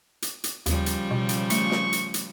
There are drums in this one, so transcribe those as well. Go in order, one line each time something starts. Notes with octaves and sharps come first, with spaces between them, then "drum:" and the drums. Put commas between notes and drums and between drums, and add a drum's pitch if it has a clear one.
drum: hi-hat
drum: hi-hat
D#2 C#3 F3 G3, drum: hi-hat
drum: hi-hat
B2
drum: hi-hat
A3 C#6, drum: hi-hat
drum: snare
drum: hi-hat
drum: hi-hat